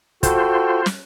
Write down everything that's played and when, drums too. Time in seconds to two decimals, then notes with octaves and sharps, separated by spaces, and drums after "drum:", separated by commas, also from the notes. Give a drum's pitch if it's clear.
0.23 F4 F#4 A4 C5 G5, drum: kick, hi-hat
0.86 drum: snare